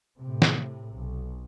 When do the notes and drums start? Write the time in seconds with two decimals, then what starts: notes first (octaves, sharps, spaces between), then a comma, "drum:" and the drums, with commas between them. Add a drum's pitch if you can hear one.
0.17 A2 C3
0.42 drum: snare
0.94 B1